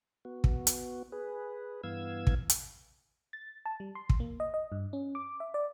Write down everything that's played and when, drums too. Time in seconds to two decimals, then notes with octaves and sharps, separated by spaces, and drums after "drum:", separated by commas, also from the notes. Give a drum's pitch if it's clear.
0.25 B3 F#4
0.44 drum: kick
0.67 drum: hi-hat
1.12 G#4 B4
1.83 G2 E3 B3 F5 E6 G#6
2.27 drum: kick
2.50 drum: hi-hat
3.33 A6
3.66 A5
3.80 G3
3.95 C6
4.10 drum: kick
4.20 A#3
4.40 D#5
4.54 D#5
4.72 G2
4.93 C#4
5.15 D6
5.40 E5
5.54 D5